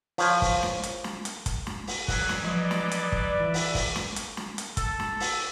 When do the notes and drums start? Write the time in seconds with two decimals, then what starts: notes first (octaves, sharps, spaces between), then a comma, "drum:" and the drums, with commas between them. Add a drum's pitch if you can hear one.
0.18 F3 C#5, drum: open hi-hat
0.42 drum: kick, open hi-hat
0.63 drum: snare
0.83 drum: hi-hat
1.04 drum: snare
1.25 drum: hi-hat
1.46 drum: kick, hi-hat
1.67 drum: snare
1.87 drum: open hi-hat
2.08 E3 F#3 G3 F#6, drum: kick, open hi-hat
2.29 drum: snare
2.44 F3 B4 D5 D#5
2.71 drum: snare
2.91 drum: hi-hat
3.12 drum: kick
3.40 E3 E5
3.54 drum: open hi-hat
3.75 drum: kick, open hi-hat
3.96 drum: snare
4.16 drum: hi-hat
4.37 drum: snare
4.58 drum: hi-hat
4.77 A4, drum: kick, hi-hat
5.00 drum: snare
5.20 drum: open hi-hat